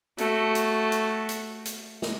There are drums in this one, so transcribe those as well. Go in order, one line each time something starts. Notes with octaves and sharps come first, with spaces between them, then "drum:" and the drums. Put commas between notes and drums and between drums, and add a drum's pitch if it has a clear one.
A3 F#4, drum: hi-hat
drum: hi-hat
drum: hi-hat
drum: hi-hat
drum: hi-hat
drum: snare